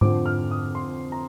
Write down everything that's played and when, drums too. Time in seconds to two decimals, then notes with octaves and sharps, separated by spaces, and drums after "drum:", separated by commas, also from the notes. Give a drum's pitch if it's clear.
0.01 F2 D3 F3 C4 D6, drum: tom G#2
0.26 F6
0.51 D#6
0.75 C6
1.12 A#5